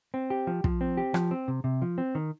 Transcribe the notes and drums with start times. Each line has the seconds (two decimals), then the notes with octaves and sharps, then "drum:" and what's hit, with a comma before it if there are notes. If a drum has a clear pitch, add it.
0.14 C4
0.30 G4
0.47 F3
0.64 F3, drum: kick
0.81 C4
0.97 G4
1.14 F3, drum: rim click
1.31 C4
1.48 C3
1.64 C3
1.82 F3
1.98 C4
2.15 D#3